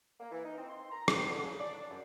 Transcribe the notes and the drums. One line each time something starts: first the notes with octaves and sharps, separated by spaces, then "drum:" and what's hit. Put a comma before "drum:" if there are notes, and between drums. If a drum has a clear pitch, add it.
A#3
E3
D#4
C4
C6
A#5
D#3, drum: rim click
D3
C#3
D5
D4
F#2